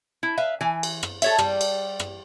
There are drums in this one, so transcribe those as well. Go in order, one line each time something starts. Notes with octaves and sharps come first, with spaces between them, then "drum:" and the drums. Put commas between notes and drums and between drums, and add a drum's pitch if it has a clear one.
E4
B4 E5 F5
E3 G#5
drum: cymbal
drum: rim click
A4 C#5 E5, drum: cymbal
G3, drum: rim click
drum: cymbal
drum: rim click